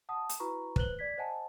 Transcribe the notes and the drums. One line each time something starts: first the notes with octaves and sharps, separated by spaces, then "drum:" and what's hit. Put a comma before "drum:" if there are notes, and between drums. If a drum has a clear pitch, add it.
F#5 A5 D#6
drum: hi-hat
E4 F#4 B4 A#5 B5 C#6
B4 C5 F#6 F#7 G7, drum: kick
D5 G#6 B6
C5 D#5 F#5 G#5 A5